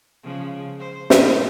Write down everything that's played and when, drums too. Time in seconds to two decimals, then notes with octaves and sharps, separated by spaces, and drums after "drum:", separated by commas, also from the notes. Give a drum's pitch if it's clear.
0.23 C#3 F3 G#3
0.79 C5
1.10 F#2 A2, drum: snare